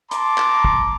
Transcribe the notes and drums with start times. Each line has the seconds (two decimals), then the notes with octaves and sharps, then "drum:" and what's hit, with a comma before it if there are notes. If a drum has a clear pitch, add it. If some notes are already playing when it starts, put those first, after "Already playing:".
0.11 A5 A#5 C6 D6, drum: hi-hat
0.38 drum: clap
0.64 drum: kick